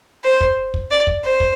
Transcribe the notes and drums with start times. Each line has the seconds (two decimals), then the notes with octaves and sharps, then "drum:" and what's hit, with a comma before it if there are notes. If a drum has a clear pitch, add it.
0.24 C5
0.41 drum: kick
0.74 drum: kick
0.91 D5
1.07 drum: kick
1.24 C5
1.40 drum: kick